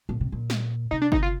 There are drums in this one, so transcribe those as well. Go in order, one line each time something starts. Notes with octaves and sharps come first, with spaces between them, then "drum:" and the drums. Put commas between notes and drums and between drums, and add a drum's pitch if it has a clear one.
A#2
C3
A#2
drum: snare
C3 D#4
D4
D#4, drum: kick G1
F4